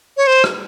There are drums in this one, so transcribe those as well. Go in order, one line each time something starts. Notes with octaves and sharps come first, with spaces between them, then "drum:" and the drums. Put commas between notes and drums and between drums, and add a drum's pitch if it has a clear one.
C#5
C5
drum: rim click